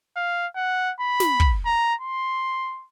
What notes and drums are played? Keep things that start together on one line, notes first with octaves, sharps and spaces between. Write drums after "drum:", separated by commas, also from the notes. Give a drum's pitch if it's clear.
F5
F#5
B5
drum: snare
drum: kick
A#5
C6